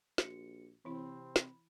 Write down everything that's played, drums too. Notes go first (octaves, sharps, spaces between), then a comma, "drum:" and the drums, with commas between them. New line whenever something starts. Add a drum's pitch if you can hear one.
A#1 F#4 C#7, drum: snare
C3 E3 C4 E4 B5
drum: snare